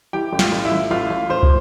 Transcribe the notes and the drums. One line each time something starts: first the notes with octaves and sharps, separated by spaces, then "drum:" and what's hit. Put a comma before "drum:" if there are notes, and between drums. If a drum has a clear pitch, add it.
E3 G4 G5
A1
F4 F5, drum: snare
A1
E4 E5
A1
A1 F4 F5
A1
A1 C5 C6
drum: kick